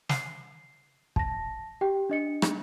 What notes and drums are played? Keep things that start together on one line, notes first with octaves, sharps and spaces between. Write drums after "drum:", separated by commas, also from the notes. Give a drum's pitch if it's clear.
C7, drum: snare
A5 A#6, drum: kick
G4 G5
D4 D#5 C#7
drum: rim click